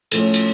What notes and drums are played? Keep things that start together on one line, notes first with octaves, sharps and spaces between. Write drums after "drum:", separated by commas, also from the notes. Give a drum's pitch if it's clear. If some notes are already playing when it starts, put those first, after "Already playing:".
A2 F3 A3 C#4 A4, drum: cymbal
drum: cymbal